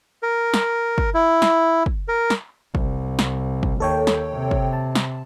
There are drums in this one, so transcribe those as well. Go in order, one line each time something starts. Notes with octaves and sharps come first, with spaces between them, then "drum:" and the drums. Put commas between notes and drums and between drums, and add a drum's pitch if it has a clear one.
A#4
drum: snare
drum: kick
E4
drum: snare
drum: kick
A#4
drum: snare
C2, drum: kick
drum: snare
drum: kick
D#2 A4 C#5 G5
drum: snare
C3
drum: kick
A5
drum: snare